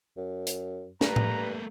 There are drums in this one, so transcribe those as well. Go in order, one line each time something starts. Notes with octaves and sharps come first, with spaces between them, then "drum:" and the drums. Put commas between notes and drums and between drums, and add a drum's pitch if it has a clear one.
F#2
drum: hi-hat
G2 A3 A#3 B4 A#5, drum: snare
drum: tom A2